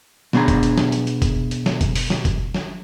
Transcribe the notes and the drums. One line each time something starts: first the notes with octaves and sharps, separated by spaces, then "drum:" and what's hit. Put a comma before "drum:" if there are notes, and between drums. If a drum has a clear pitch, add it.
B2 B3 D4 G#4 A#5, drum: snare
drum: kick F1, hi-hat
drum: hi-hat
drum: snare
drum: hi-hat
drum: hi-hat
drum: kick F1, hi-hat
drum: hi-hat
drum: snare
drum: kick F1, hi-hat
drum: open hi-hat
drum: snare
drum: kick F1, hi-hat
drum: snare